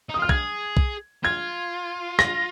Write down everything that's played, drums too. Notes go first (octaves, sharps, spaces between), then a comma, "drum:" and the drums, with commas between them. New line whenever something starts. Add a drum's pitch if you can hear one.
D#4
D#6
F4 F6
G#4 G#6, drum: kick
drum: kick
F4 G#6
A#6, drum: rim click